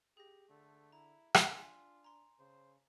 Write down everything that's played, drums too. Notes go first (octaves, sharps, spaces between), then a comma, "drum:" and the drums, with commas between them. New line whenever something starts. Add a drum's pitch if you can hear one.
G4 G#4 A#6
D3 A3
E4 A#5
drum: rim click
D4 F4 G#5 E6 B6
A#5 C6
C#3 C5